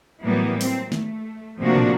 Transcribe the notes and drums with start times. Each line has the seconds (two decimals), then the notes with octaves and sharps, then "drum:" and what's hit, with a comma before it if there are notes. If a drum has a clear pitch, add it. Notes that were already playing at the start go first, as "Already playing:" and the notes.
0.24 A2 E3 F#3 G3 A#3 B3
0.61 C4, drum: open hi-hat
0.92 A3, drum: snare
1.60 C3 F3 A3 A#3 D4 F#4
1.76 drum: tom